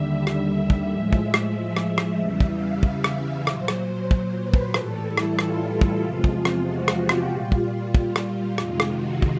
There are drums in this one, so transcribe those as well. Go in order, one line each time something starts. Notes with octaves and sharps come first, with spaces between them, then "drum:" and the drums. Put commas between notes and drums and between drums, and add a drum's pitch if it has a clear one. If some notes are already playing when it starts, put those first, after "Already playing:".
Already playing: D#2 D3 G3 E5
E5, drum: rim click
drum: kick
A2 F3 G#3 E5
drum: kick
drum: rim click
drum: rim click
drum: rim click
E2 C#3 E3 G3 E5
drum: kick
F5
F5, drum: kick
drum: rim click
F5
A#2 F#3 C5, drum: rim click
drum: rim click
C5
C5, drum: kick
B4
drum: kick
A2 E3 G3 A4, drum: rim click
E4
drum: rim click
F4, drum: rim click
drum: kick
E2 C3 F3 G#3
drum: kick
drum: rim click
F#4
drum: rim click
G4
drum: rim click
A#2 G3 F4
drum: kick
drum: kick
drum: rim click
F2 C3 D#3 G#3 F4, drum: rim click
drum: rim click
F#4
drum: kick